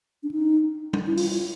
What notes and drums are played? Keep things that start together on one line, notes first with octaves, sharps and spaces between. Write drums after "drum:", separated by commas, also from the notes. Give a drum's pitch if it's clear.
D4
D#4
drum: tom G3
E4
F4, drum: open hi-hat